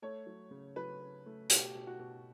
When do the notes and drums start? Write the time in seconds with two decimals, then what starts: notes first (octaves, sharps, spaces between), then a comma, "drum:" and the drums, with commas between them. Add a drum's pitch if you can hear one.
0.02 A3 C#5
0.27 F#3
0.51 C#3
0.76 F#3 B4
1.01 C#4
1.26 A3
1.50 B2 G4, drum: hi-hat
1.75 B2
1.87 F#4
1.99 B2